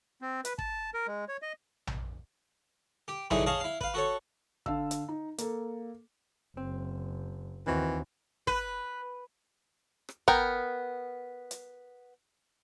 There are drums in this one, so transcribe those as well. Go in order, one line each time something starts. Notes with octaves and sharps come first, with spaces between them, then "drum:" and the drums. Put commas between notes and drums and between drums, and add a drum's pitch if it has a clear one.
C4
B4, drum: hi-hat
A5, drum: kick
A#4
G#3
C#5
D#5
drum: tom A#1
G4
D3 E3 F#3 D#4 E4 G#4, drum: tom A#1
G#4 C#5 D#5 F5 A5
E4 F5
B4 F5, drum: kick
F#4 A4 C#5
D3 F5 A5 E6, drum: kick
drum: hi-hat
D#4
A#3 A4, drum: hi-hat
F#1 C4
D#2 D#3 E3 C4 F#4
B4, drum: kick
drum: rim click
B3 A#4 G5, drum: kick
drum: hi-hat